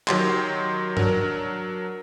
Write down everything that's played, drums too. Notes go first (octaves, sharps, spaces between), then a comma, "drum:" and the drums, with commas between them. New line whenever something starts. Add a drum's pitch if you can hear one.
D#3 F#3 G4 C6, drum: clap
F#3 D4 A#4, drum: tom G2